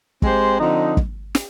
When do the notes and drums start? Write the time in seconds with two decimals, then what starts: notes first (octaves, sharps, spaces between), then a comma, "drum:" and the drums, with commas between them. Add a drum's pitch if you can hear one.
0.22 G#3 C4 G4 C5, drum: kick
0.59 D3 F3 C4 D#4
0.97 drum: kick
1.35 drum: snare